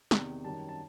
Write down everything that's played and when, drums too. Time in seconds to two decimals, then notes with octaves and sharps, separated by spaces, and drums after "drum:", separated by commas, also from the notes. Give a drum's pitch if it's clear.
0.11 E2 C3 D#3, drum: snare
0.44 F#2 D#3 G3 A5
0.68 A5